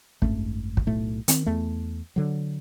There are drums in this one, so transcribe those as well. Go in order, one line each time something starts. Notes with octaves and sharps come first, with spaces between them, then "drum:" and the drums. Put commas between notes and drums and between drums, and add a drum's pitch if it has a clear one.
G#1 F#2 A3, drum: kick
drum: kick
B1 A2 A3
D#3 C4, drum: hi-hat
E2 A3
D3 F#3